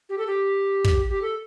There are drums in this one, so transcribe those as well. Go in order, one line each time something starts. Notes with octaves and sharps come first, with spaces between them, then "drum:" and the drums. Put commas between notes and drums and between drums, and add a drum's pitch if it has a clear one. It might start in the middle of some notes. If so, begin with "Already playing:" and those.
G4
A4
G4
drum: kick
G4
A4